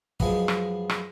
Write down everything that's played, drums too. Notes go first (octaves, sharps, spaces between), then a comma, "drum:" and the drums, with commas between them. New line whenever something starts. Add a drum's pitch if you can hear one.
F#2 F3 G#3 B3 D#5, drum: kick
drum: rim click
drum: rim click